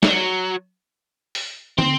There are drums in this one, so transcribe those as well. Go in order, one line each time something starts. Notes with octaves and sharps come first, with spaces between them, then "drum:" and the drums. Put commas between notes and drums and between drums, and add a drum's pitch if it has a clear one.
F#3, drum: snare
drum: open hi-hat
C4, drum: tom